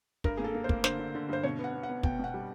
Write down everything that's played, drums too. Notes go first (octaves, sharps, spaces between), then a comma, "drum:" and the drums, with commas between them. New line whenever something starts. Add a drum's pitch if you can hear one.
G2 A#4, drum: kick
A#3 G#4
A4
A#3
C5
A#3, drum: kick
D3 C5, drum: snare
D3
D3
G2 C5
B2 C#5
B3
F#5
B3
F#5
B3
B2 G5, drum: kick
B2 F#5
G3